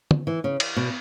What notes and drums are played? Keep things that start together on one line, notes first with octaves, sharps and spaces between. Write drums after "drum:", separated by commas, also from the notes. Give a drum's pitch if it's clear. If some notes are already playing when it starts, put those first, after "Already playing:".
drum: tom
E3
C#3
drum: cymbal
B2